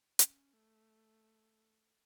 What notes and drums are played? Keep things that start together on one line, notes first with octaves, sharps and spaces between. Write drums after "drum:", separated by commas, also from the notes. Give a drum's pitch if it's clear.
C#4, drum: hi-hat
A3